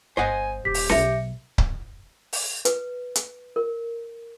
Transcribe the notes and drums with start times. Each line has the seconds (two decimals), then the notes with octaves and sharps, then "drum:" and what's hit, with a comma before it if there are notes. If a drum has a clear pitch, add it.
0.17 G1 C5 D#5 F#5 G#5
0.65 D#1 G4 B6
0.74 drum: open hi-hat
0.89 B1 E5 A#6 C#7, drum: snare C#4
1.58 drum: kick C#1
2.33 drum: open hi-hat
2.65 B4, drum: hi-hat
3.16 drum: hi-hat
3.56 A#4